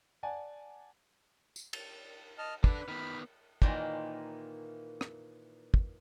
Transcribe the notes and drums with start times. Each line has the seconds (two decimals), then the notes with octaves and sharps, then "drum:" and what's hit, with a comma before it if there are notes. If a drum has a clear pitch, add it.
0.23 D5 F#5 G#5 A5
1.56 drum: tambourine
1.73 drum: cymbal
2.38 D#5 A5 F6
2.64 D4 A4 B4, drum: kick
2.88 D#3 B3 B5
3.62 A#2 D#3 E3 A#3 C5 G#5, drum: kick
5.01 drum: rim click
5.74 drum: kick